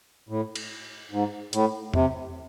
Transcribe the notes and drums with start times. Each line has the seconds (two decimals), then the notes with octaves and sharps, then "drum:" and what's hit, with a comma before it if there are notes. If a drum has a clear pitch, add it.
0.29 A2
0.55 drum: cymbal
1.11 G#2
1.53 A2, drum: hi-hat
1.94 C3, drum: tom E2